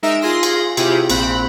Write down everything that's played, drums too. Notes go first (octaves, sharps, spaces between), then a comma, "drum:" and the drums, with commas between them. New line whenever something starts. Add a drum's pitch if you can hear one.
G#3 D#4 A#4 E5 E6 D7
F4 G#4 C6 A#6
drum: cymbal
C3 E4 F4 G4 G#4, drum: cymbal
A#1 C4 B5 F#6, drum: cymbal